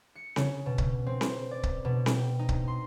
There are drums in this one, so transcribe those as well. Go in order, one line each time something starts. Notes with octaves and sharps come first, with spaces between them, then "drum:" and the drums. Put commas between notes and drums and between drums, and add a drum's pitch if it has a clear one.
C#7
C#3, drum: snare C4
B2
drum: kick C#1
C4
drum: snare C4
D5
drum: kick C#1
B2
drum: snare C4
G5
D#4
drum: kick C#1
C6